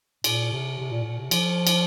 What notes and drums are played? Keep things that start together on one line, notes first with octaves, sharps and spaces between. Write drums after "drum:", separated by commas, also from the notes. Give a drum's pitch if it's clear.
A#2, drum: cymbal
C3
C3
A#2
A#2
C3
F3, drum: cymbal
drum: cymbal